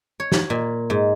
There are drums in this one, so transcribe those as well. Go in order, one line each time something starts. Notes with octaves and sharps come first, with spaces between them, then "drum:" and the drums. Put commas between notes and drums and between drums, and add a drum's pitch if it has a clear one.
C#5
drum: snare
A#2
G#2